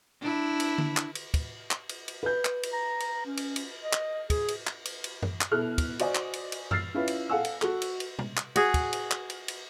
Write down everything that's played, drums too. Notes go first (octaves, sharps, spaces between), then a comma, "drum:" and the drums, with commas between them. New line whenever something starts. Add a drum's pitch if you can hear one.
D4 E4
drum: cymbal
drum: tom D3
drum: clap
drum: cymbal
drum: kick, cymbal
drum: clap
drum: cymbal
drum: cymbal
B4 G6
drum: clap
drum: cymbal
A#5
drum: cymbal
C#4
drum: cymbal
drum: cymbal
D#5
drum: clap
G#4, drum: kick, cymbal
drum: cymbal
drum: clap
drum: cymbal
drum: cymbal
drum: tom F#2
drum: clap
B2 E4 A4 F6 F#6
drum: kick, cymbal
F#4 C5 D5 D#5 G#5, drum: cymbal
drum: clap
drum: cymbal
drum: cymbal
E6 F6 A6 C7, drum: tom F#2
C#4 E4 F4 B4
drum: cymbal
A4 F5 F#5 G#5 E6
drum: cymbal
F#4 A4, drum: clap
drum: cymbal
drum: cymbal
drum: tom B2
drum: clap
F#4 G#4, drum: cymbal
drum: kick, cymbal
drum: cymbal
drum: clap
drum: cymbal
drum: cymbal